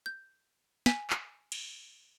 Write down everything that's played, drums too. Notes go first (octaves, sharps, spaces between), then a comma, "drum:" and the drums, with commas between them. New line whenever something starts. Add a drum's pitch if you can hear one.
G6
G#5 B6, drum: snare
drum: clap
drum: cymbal